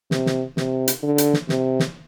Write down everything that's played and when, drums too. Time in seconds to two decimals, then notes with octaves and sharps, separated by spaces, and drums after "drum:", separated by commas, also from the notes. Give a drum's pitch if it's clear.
0.11 C3, drum: snare
0.26 drum: snare
0.57 C3, drum: snare
0.88 drum: hi-hat
1.03 D3
1.18 drum: hi-hat
1.34 drum: snare
1.49 C3, drum: snare
1.79 drum: snare